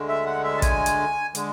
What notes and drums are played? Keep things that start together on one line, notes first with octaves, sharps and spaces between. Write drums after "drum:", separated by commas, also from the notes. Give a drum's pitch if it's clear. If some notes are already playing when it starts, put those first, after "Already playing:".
Already playing: D2 D3 G#3
E5
F#5
E5
A5
G#5, drum: kick, hi-hat
drum: hi-hat
D3 G#3, drum: hi-hat